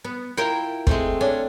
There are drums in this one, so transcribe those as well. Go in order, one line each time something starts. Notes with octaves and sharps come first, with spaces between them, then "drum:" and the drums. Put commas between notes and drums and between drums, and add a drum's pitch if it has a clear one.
B3
E4 F4 A#4 G5
G#3 A3 C4, drum: kick
C#4 D4